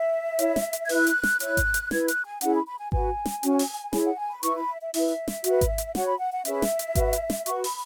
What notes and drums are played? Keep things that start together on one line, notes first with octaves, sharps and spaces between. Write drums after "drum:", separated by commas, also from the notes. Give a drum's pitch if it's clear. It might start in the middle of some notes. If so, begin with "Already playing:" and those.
Already playing: E5
E4 C#5, drum: hi-hat
drum: snare
drum: hi-hat
G#6
E4 B4 F#6, drum: open hi-hat
drum: hi-hat
drum: snare
E4 C#5 F#6, drum: hi-hat
drum: kick G#1, hi-hat
drum: hi-hat
E4 B4 G#6, drum: snare
F#6, drum: hi-hat
G#5
C#4 E4 G#4 F#5, drum: hi-hat
B5
B5
G#5
F#4 B4 G#5, drum: kick G#1
drum: snare
C#4 F#4 C#5, drum: hi-hat
drum: open hi-hat
E4 G#4 C#5 B5, drum: snare
F#5
G#5
B5
E4 B4 C#6, drum: hi-hat
B5
E5
E5
E4 B4 E5, drum: open hi-hat
drum: snare
F#4 B4, drum: hi-hat
drum: kick G#1, hi-hat
drum: hi-hat
F#4 C#5 F#5, drum: snare
B5
F#5
F#5
C#4 G#4 B4 E5, drum: hi-hat
drum: snare
drum: hi-hat
F#4 B4, drum: kick G#1, hi-hat
drum: hi-hat
drum: snare
F#4 B4 C#6, drum: hi-hat
B5, drum: open hi-hat